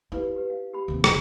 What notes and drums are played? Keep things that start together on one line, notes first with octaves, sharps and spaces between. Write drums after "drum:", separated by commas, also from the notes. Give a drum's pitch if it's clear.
E4 G4 B4 F5
G4 B4
F5
G4 B5
D#2 C3
F#1, drum: rim click